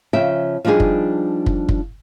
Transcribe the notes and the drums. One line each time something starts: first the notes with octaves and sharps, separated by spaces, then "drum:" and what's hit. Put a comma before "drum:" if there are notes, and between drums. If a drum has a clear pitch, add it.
C#3 F3 E5 G5
F3 G3 D4 D#4 G#4
drum: kick
drum: kick
drum: kick